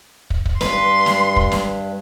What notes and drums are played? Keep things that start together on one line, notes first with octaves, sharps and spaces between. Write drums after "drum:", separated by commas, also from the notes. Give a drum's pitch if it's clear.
drum: kick
drum: kick
G2 B4 C6, drum: snare
drum: snare
drum: kick
drum: snare